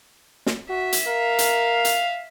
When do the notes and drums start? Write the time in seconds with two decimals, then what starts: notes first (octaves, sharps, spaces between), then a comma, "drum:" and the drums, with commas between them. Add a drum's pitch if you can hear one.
0.46 drum: snare
0.69 F#4 E5
0.92 drum: hi-hat
1.07 A#4 F5
1.39 drum: hi-hat
1.85 drum: hi-hat